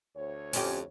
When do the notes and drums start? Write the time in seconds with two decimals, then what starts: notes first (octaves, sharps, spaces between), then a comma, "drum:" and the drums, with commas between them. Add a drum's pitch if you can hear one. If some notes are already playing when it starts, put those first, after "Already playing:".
0.16 D2 C#5
0.53 F2 C#4 G4, drum: open hi-hat